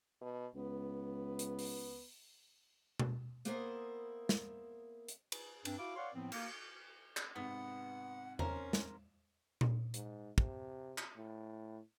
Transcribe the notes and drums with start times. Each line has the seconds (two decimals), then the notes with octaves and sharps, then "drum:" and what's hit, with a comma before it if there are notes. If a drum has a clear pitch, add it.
0.21 B2
0.55 C#2 B3
1.39 drum: hi-hat
1.59 drum: open hi-hat
2.99 drum: tom B2
3.45 A#3 B3 E4 G#4 A#4 C5, drum: hi-hat
4.29 drum: snare
5.08 drum: hi-hat
5.32 drum: cymbal
5.65 G2 C4 D4, drum: cymbal
5.78 E4 F#4 F5 D6
5.96 C#5 D5 F5 F#5 C6
6.14 A2 F3 B3 C4
6.32 A#3, drum: cymbal
7.17 drum: clap
7.36 G#2 C3 B3 F#5
8.39 C#4 A#4 C5, drum: tom E2
8.73 drum: snare
9.61 drum: tom A#2
9.94 G#2, drum: hi-hat
10.38 C3, drum: kick
10.98 drum: clap
11.16 A2